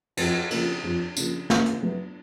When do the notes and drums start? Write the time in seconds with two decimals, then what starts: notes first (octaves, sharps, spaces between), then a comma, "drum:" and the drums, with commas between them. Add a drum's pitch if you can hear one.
0.17 F2, drum: cymbal
0.51 C#3 F3 A#3, drum: cymbal
0.83 F2
1.17 C#3 F3 A#3, drum: tambourine
1.50 C#3, drum: snare
1.66 drum: hi-hat
1.82 F#3 B3 E4